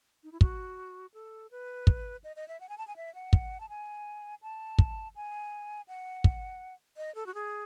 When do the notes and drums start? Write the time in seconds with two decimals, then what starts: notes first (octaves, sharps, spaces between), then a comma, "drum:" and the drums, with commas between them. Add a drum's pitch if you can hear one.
0.24 D#4
0.32 E4
0.41 F#4, drum: kick
1.14 A4
1.51 B4
1.87 drum: kick
2.24 D#5
2.36 D#5
2.48 E5
2.60 F#5
2.69 G#5
2.78 A5
2.87 G#5
2.96 E5
3.15 F#5
3.33 drum: kick
3.60 A5
3.69 G#5
4.42 A5
4.79 drum: kick
5.16 G#5
5.88 F#5
6.24 drum: kick
6.97 D#5
7.15 A4
7.26 F#4
7.34 G#4